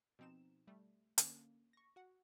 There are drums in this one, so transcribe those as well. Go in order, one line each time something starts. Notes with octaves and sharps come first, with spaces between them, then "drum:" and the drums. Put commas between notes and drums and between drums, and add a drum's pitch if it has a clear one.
B2 F3 C4 D#4 E7
G3 A3
D3 A#3 C#4, drum: hi-hat
C#6 A#6
F#4 F#5